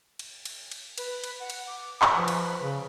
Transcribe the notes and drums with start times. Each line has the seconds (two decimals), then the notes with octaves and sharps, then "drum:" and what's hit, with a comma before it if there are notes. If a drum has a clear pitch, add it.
0.19 drum: cymbal
0.45 drum: cymbal
0.71 drum: cymbal
0.98 B4, drum: cymbal
1.24 drum: cymbal
1.40 F#5
1.50 drum: cymbal
1.67 D6
2.02 drum: clap
2.16 F3 B4
2.28 drum: cymbal
2.60 C#3